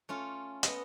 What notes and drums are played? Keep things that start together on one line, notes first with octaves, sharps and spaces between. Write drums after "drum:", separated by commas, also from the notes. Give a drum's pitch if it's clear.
A3 C#4 F4
B3 D#5 E5, drum: hi-hat